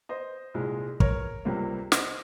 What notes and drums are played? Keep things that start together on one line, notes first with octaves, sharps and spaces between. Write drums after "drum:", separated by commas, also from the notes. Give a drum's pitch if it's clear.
C5 D#5
C2 A#2 G#3
A#4 C#5, drum: kick
C#2 C3 G3 A#3
C5 D#5, drum: snare